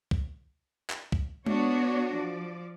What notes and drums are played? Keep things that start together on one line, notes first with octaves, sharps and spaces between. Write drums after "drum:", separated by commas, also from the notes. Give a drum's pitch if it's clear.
drum: kick
drum: clap
drum: kick
B3 D4 F#4 C#5, drum: tom G#3
F3 D5